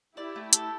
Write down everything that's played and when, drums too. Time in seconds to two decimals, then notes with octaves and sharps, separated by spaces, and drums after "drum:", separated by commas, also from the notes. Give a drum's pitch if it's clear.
0.17 E4 G4 D5
0.36 A3
0.53 A4, drum: hi-hat